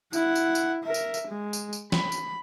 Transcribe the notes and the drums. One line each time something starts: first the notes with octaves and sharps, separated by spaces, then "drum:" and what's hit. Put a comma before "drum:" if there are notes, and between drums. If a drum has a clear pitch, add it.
E4 F#5, drum: tambourine
drum: tambourine
drum: tambourine
A#4 E5
drum: tambourine
drum: tambourine
G#3
drum: tambourine
drum: tambourine
B5, drum: snare
drum: tambourine